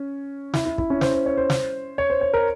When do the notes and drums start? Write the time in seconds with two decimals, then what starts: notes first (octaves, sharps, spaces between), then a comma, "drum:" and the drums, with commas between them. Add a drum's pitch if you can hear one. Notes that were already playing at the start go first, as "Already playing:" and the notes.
Already playing: C#4
0.54 E4, drum: snare
0.65 E4
0.78 E4, drum: kick
0.90 C#4
1.01 C5, drum: snare
1.13 C5
1.26 C#5
1.37 C5
1.50 drum: snare
1.98 C#5
2.10 C5
2.21 C#5
2.34 A#4